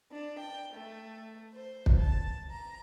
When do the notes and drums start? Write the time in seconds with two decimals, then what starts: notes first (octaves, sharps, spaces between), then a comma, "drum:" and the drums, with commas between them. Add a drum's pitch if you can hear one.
0.11 D4
0.39 G5
0.74 A3
1.53 C5
1.86 drum: kick
1.97 A5
2.51 A#5